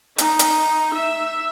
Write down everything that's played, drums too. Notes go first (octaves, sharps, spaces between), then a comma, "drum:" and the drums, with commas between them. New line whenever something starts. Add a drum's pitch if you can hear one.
D#4, drum: hi-hat
drum: hi-hat
E5